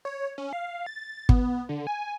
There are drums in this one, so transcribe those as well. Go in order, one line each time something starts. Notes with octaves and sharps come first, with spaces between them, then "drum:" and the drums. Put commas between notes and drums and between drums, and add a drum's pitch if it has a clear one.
C#5
C#4
F5
A6
B3, drum: kick
D3
G#5